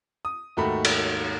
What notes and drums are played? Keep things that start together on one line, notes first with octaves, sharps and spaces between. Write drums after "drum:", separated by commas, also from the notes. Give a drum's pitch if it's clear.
D#6
D#2 G#2 A3 F#4 B5
drum: cymbal